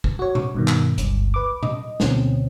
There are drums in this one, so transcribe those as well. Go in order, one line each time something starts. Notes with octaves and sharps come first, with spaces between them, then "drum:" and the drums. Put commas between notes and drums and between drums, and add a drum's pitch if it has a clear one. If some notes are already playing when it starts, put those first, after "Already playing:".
drum: kick
F#4 C#5
drum: tom A#2
G2 B2 D#3
drum: clap
G1 C#2 G2, drum: hi-hat
B4 D6
D#5, drum: tom A#2
D2 B2 D3 C4 C#4, drum: snare